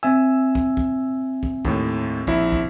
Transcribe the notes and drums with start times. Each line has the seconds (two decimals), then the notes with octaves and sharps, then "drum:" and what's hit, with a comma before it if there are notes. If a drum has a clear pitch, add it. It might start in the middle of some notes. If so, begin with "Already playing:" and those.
0.03 C4 E5 G#5 E6
0.55 drum: kick
0.77 drum: kick
1.43 drum: kick
1.65 D#2 A2, drum: kick
2.27 A#1 E4, drum: kick
2.52 drum: kick